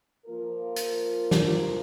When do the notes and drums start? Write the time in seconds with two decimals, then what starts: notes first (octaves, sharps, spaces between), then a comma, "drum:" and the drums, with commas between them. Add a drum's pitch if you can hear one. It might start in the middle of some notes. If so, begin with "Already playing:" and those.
0.25 F3 A#3 F4 A#4
0.76 drum: hi-hat
1.31 drum: snare